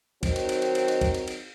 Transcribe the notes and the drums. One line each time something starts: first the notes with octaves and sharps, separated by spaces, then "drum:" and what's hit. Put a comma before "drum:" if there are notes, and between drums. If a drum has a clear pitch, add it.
D#3 F#3 C4 D#4 F#4, drum: kick, cymbal
drum: cymbal
drum: cymbal
drum: cymbal
drum: cymbal
drum: cymbal
drum: kick, cymbal
drum: cymbal
drum: cymbal